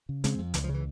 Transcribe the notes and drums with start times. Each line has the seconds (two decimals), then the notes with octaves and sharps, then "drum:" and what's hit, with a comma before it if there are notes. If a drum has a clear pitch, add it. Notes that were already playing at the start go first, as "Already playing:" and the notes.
0.09 C#3
0.24 C#3 G#3 C4, drum: hi-hat
0.38 F2
0.54 C#2 E3, drum: hi-hat
0.64 F3
0.69 C#3
0.74 E3